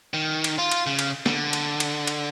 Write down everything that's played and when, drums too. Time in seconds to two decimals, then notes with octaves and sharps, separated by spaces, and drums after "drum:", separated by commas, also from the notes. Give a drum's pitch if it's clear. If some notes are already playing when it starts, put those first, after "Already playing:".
0.14 D#3
0.44 drum: cymbal
0.58 F4
0.71 drum: cymbal
0.86 C#3
0.99 drum: cymbal
1.26 D3, drum: snare
1.53 drum: cymbal
1.80 drum: cymbal
2.07 drum: cymbal